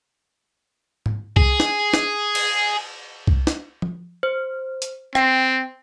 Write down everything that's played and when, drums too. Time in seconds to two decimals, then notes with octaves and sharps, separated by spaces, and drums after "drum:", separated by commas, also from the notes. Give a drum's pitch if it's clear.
1.06 drum: tom G#2
1.36 G#4, drum: kick
1.60 drum: snare
1.94 drum: snare
2.35 drum: cymbal
3.27 drum: kick
3.47 drum: snare
3.82 drum: tom F3
4.23 C5
4.82 drum: hi-hat
5.15 C4 G5, drum: rim click